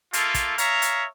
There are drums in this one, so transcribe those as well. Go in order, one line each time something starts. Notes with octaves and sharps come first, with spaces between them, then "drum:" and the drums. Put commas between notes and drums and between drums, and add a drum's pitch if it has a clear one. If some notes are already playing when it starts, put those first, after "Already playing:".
A3 A#3 F4 A4, drum: hi-hat
drum: kick, hi-hat
C#5 E5 F5 A#5, drum: hi-hat
drum: hi-hat